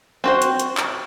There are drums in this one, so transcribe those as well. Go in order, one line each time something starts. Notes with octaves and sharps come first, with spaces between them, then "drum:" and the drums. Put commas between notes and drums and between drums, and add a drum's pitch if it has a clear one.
C4 F#4 C5
drum: hi-hat
drum: hi-hat
drum: clap